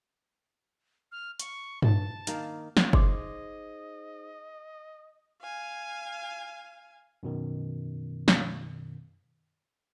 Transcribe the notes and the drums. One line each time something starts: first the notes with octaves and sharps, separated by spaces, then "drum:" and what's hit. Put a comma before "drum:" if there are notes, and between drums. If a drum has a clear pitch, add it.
F6
C#6, drum: hi-hat
A5, drum: tom G2
D#3 A#3, drum: hi-hat
drum: snare
D#4 G#4 C5 D5 D#5 C6 D6, drum: kick F#1
F5 G#5
F#2 B2 D#3
drum: snare